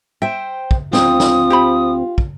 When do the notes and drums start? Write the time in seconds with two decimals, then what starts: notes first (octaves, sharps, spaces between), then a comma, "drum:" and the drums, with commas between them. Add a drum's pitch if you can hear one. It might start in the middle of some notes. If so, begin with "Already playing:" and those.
0.22 C5 E5 G5
0.71 drum: kick
0.93 D2 C4 F4 D#6, drum: snare
1.20 drum: snare
1.50 G4 C5 B5
2.18 drum: kick